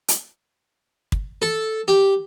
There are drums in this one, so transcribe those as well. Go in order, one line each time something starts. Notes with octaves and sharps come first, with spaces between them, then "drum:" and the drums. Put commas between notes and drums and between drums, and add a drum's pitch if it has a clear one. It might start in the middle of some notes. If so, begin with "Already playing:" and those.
drum: hi-hat
drum: kick
A4
G4